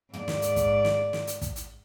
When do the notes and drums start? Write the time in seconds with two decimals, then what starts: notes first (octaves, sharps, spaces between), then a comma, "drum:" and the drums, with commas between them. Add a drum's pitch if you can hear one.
0.13 G#2 D5, drum: tom
0.28 drum: snare
0.42 drum: hi-hat
0.56 drum: kick, hi-hat
0.85 drum: snare
1.13 drum: snare
1.27 drum: hi-hat
1.41 drum: kick, hi-hat
1.56 drum: hi-hat